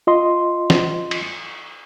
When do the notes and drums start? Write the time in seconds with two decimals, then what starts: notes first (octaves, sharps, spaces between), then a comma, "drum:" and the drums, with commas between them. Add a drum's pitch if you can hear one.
0.07 F4 D#5 C6
0.70 drum: snare
1.11 drum: cymbal